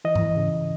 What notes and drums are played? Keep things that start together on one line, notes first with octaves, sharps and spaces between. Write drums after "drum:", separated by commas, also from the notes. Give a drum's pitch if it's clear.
E3 D#5
drum: tom G#2
C#3